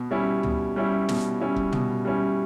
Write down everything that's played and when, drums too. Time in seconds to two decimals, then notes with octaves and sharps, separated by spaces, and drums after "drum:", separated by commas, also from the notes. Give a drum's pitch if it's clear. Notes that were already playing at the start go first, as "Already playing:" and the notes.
Already playing: B2
0.11 G3 C#4 E4
0.43 B2, drum: tom
0.76 G3 C#4 E4
1.09 B2, drum: snare
1.41 G3 C#4 E4
1.56 drum: kick
1.72 B2, drum: tom
2.05 G3 C#4 E4